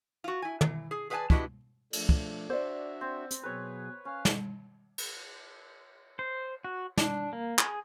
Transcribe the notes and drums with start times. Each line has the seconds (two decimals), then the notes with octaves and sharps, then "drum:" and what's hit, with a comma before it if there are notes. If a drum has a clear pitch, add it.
0.24 F4 F#4
0.42 E4 G#5
0.61 E3, drum: tom
0.91 G#4
1.10 G#4 B4 D5 F#5 G#5 A5
1.30 D4 E4 F#4 G4 B4 D#5, drum: kick
1.93 F3 A3 D4, drum: cymbal
2.09 drum: kick
2.50 D4 F#4 C5 D5 E5
3.01 C4
3.31 drum: hi-hat
3.43 B2 F#3 G#4 B4 C#5
4.05 C#4 F5
4.25 drum: snare
4.98 drum: cymbal
6.19 C5
6.64 F#4
6.98 D4, drum: snare
7.33 A#3
7.58 G#4, drum: clap